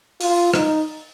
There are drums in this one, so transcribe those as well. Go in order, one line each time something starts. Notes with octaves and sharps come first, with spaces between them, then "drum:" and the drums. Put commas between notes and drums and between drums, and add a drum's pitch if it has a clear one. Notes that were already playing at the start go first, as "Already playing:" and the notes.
F4, drum: open hi-hat
D#4, drum: rim click